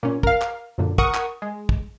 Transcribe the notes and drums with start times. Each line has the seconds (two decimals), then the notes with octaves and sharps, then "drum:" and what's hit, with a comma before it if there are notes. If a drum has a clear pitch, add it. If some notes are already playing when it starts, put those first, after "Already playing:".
0.03 A#2 C#4
0.23 A#4 F5, drum: kick
0.42 drum: clap
0.78 F#2 A#2 D3
0.98 A#4 F#5 C#6 D#6, drum: kick
1.14 drum: clap
1.42 G#3
1.69 drum: kick